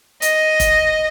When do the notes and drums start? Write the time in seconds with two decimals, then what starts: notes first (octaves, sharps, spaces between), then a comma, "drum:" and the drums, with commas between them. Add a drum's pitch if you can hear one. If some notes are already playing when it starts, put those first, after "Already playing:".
0.22 D#5, drum: hi-hat
0.60 drum: kick, hi-hat